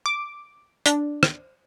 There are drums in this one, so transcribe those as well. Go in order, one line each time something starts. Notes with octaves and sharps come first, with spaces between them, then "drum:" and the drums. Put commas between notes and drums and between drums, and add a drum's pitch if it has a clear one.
D6
D4, drum: hi-hat
drum: rim click